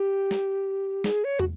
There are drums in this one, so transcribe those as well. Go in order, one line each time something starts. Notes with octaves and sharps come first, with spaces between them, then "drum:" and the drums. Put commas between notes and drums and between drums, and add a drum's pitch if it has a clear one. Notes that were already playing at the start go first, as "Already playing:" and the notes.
Already playing: G4
drum: snare
G#4, drum: snare
C#5
F#4, drum: tom